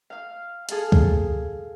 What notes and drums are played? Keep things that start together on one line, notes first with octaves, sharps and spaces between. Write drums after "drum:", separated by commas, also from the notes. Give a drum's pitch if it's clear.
F5 F6
G#4 A4 F5, drum: hi-hat
drum: kick C#2